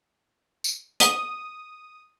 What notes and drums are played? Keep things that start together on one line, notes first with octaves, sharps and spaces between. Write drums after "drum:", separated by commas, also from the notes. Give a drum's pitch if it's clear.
drum: tambourine
D#6, drum: hi-hat